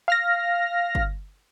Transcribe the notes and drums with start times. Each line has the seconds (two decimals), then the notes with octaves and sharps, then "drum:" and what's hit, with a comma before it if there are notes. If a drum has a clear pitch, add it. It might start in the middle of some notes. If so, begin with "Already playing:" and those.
0.08 F5 F6 A#6
0.95 drum: kick